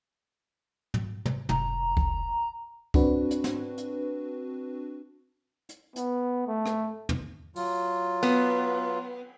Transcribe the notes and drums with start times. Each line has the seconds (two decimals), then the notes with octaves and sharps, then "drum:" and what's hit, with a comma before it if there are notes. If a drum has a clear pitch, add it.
0.94 drum: tom
1.26 drum: tom
1.49 F1 A#5, drum: tom
1.97 drum: kick C#2
2.94 C4 D4 F#4 B4, drum: kick C#2
3.31 drum: hi-hat
3.44 drum: snare
3.78 drum: hi-hat
5.69 drum: hi-hat
5.96 B3, drum: hi-hat
6.47 A3
6.66 drum: rim click
7.09 drum: tom
7.56 F#3 F4, drum: open hi-hat
8.23 B3, drum: cymbal